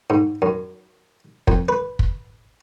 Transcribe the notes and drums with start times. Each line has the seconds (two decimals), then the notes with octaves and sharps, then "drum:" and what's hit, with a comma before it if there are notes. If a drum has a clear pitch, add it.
0.10 G#2
0.42 F#2
1.48 F2, drum: kick
1.68 B4
1.99 drum: kick